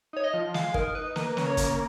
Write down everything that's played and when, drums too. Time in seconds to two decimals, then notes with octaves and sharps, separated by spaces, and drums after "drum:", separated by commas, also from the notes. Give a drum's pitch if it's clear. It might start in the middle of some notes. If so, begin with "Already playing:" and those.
0.13 D#4 C#5
0.24 D#5
0.34 F3
0.54 G#3 F5, drum: snare
0.74 D#4 A#4, drum: kick
0.95 D#4 B4
1.16 A#3 B4, drum: snare
1.37 C#3, drum: snare
1.47 C#5
1.57 A#3, drum: kick, hi-hat